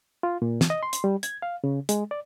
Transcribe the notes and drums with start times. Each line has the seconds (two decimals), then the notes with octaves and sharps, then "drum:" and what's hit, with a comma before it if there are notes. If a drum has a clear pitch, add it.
0.23 F4
0.42 A#2
0.61 drum: snare
0.70 D#5
0.83 C6
0.93 drum: hi-hat
1.04 G3
1.23 G#6, drum: hi-hat
1.42 F5
1.64 C#3
1.89 G#3, drum: hi-hat
2.11 D5